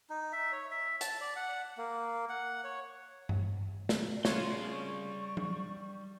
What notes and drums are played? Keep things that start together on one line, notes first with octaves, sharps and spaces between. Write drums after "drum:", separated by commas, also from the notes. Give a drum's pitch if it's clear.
D#4
E5
C#5
E5
A5, drum: hi-hat
D5
F#5
A#3
F#5
C#5
drum: tom G2
drum: snare
C#3 G3 F4 C#5 C6, drum: snare
C#6
drum: tom F#3